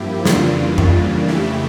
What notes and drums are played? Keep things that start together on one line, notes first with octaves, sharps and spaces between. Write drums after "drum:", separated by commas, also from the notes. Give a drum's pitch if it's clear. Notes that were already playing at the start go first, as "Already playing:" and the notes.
Already playing: G2 F3 A#3 E4 G4
F2 C#3 E3 G3 A#3 D4 F4, drum: snare
drum: tom F2
F2 C#3 E3 A3 E4 G4